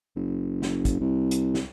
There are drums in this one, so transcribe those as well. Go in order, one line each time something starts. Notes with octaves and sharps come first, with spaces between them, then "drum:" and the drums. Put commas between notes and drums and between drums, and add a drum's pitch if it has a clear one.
F#1
drum: snare
drum: kick, hi-hat
C2
drum: hi-hat
drum: snare